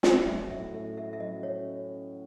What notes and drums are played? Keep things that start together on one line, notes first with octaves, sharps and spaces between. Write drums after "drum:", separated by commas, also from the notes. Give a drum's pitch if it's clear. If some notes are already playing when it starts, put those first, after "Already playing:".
C#4 D#5, drum: snare
F#3 E5
A2 E5
A3 E5
A3 E5
E5
F#3 D#5
C#4 C#5